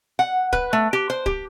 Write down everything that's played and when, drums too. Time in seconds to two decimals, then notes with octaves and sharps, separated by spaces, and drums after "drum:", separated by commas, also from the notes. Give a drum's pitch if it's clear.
0.19 F#5
0.53 B4, drum: kick D1
0.73 A3
0.93 G4
1.10 C5
1.26 G4, drum: kick D1